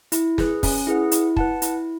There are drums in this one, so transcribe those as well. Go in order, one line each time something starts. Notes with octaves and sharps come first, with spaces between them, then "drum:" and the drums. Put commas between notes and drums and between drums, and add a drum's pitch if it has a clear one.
E4, drum: hi-hat
G#4 B4, drum: snare
C#4, drum: kick, open hi-hat
E4 G#4 B4 F#5
E4, drum: hi-hat
B4 F#5 A5, drum: kick
E4, drum: hi-hat